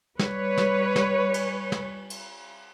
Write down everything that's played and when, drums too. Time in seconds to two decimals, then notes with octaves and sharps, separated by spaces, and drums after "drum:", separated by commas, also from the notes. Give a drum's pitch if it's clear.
0.19 G3 B4 C#5, drum: snare
0.58 drum: snare
0.96 drum: snare
1.34 drum: cymbal
1.72 drum: snare
2.10 drum: cymbal